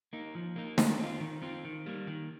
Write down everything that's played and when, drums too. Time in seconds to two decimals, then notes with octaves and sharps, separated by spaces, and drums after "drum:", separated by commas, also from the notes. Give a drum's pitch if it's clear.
0.13 A#3 D#4
0.35 F3
0.56 A#3 D#4
0.78 D#3, drum: snare
0.99 C4 F4
1.20 D#3
1.42 C4 F4
1.65 D#3
1.86 G3 A#3
2.07 D#3